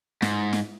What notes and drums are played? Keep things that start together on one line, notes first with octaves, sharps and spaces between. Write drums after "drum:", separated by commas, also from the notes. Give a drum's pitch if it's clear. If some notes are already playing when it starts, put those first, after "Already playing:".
G#2, drum: snare
drum: snare